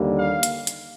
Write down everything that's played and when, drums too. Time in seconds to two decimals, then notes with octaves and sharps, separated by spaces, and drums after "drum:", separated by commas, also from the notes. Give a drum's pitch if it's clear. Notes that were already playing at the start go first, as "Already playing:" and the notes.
Already playing: D#2 D3 G3 A#3
0.18 F5
0.43 drum: hi-hat
0.67 drum: hi-hat